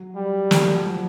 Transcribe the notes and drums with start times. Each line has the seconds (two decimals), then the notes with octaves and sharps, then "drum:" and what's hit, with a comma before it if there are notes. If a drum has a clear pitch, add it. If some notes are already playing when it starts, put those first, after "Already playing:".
Already playing: F#3
0.16 G3
0.51 F#3, drum: snare
0.63 F#3
0.74 F3
0.85 F#3